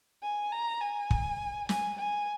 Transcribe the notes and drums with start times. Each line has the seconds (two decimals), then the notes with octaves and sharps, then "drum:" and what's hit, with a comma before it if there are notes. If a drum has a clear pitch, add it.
0.23 G#5
0.52 A#5
0.81 G#5
1.10 drum: kick
1.69 G#5, drum: snare
1.98 G#5